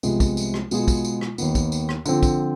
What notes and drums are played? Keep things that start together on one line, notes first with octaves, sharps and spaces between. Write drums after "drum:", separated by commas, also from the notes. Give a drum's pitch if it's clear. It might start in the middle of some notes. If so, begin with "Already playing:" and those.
C2 C3 F3 G#3 B3, drum: tambourine
drum: kick, tambourine
drum: tambourine
drum: rim click
B2 G#3 B3 F4 G#4, drum: tambourine
drum: kick, tambourine
drum: tambourine
drum: rim click
D#2 D#3 B3, drum: tambourine
drum: kick, tambourine
drum: tambourine
drum: rim click
D3 F3 C4, drum: tambourine
drum: kick, tambourine